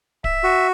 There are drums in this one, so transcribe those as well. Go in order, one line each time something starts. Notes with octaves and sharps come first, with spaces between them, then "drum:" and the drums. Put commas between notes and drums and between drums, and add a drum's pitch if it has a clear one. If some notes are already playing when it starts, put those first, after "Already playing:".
E5, drum: kick D1
F#4